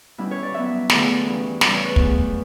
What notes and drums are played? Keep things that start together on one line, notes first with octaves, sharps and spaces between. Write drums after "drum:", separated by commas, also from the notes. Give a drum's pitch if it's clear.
B2 G3 C#4 E4
C#5
D5
B2 F#3 B3 E5
E2 D3 F#3 A3 D5, drum: snare
G2 E3 A3 C#4
C#3 G3 C#4 D5, drum: snare
C#5
B4
E2 D3 F#3 A3, drum: kick